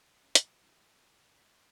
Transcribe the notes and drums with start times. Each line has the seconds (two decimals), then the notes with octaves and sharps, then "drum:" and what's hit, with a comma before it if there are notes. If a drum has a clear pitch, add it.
0.23 C#4
0.35 D6, drum: hi-hat
0.47 C3
0.63 E3
0.78 A2
0.91 B2
1.10 G#1
1.26 G2
1.38 B6
1.54 C6